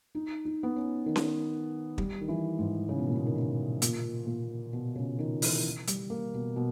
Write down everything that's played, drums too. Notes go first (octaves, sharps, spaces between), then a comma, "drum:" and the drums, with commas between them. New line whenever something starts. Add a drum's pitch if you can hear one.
D#4
D#4
B3
C#4
D#3
drum: snare C#4
G3, drum: kick
D#3
E3
G#2
C#3
B2
A#2
B2
D#3
C#3
A#2, drum: hi-hat
A#2
B2
C#3
D#3
E3, drum: open hi-hat
G3, drum: hi-hat
A#3
B2
B2